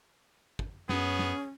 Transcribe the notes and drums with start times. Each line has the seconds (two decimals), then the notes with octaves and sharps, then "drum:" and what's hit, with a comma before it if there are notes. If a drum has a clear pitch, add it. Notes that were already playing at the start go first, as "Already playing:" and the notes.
0.59 drum: kick
0.89 F#2 B3 C#4 G#4, drum: snare
1.19 drum: snare